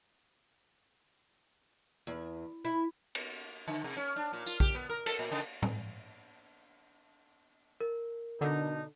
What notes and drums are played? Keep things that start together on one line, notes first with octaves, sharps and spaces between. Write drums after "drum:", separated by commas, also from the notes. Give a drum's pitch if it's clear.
E2
E4
drum: cymbal
D3
C3
C#4
D4
A#2
F4, drum: tambourine
G4, drum: kick A#1
B3
A#4
A4, drum: cymbal
A#2
C#3
drum: tom A2
A#4
B2 D3 D4 D#4